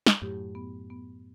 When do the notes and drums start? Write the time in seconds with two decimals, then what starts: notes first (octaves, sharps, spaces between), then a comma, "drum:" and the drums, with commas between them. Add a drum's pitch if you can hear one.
0.07 drum: snare
0.22 F#2 A2 G4
0.55 B3
0.90 B3